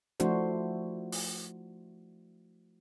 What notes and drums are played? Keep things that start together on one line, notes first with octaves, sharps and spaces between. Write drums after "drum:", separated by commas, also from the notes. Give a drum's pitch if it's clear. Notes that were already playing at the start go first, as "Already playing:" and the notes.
F3 A3 D4 E4 F#4 C5, drum: hi-hat
drum: open hi-hat